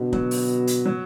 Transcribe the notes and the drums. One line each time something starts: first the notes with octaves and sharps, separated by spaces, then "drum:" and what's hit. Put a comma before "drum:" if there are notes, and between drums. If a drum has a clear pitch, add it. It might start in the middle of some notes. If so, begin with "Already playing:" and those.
Already playing: B2 D3
F#3, drum: kick
drum: open hi-hat
drum: hi-hat
F#3